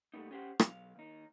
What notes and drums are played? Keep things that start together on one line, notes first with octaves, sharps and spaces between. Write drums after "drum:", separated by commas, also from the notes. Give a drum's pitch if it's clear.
A#2 G3 A3 B3 D#4
C#4 G4 C5 F#5
B1 G#2 F5, drum: rim click
D#2 D#4